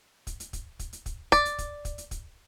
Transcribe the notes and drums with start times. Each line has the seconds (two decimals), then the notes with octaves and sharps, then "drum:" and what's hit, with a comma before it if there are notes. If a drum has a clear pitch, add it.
0.27 drum: kick, hi-hat
0.40 drum: hi-hat
0.53 drum: kick, hi-hat
0.79 drum: kick, hi-hat
0.93 drum: hi-hat
1.06 drum: kick, hi-hat
1.32 D5, drum: kick, hi-hat
1.45 drum: hi-hat
1.58 drum: kick, hi-hat
1.85 drum: kick, hi-hat
1.98 drum: hi-hat
2.11 drum: kick, hi-hat